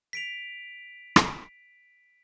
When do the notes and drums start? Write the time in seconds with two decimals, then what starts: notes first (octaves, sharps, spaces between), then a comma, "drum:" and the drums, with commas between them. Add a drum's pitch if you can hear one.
0.13 B6 D7 F7
1.16 drum: rim click